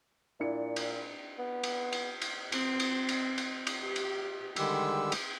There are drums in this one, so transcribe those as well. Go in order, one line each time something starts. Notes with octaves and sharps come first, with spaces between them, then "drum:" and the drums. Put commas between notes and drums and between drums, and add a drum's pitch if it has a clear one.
A#2 D4 E4 C#7
drum: cymbal
B3
drum: cymbal
drum: cymbal
drum: cymbal
C4, drum: cymbal
drum: cymbal
drum: cymbal
drum: cymbal
drum: cymbal
G4
drum: cymbal
D3 D#3 G3 G#3 G4 E6, drum: cymbal
drum: cymbal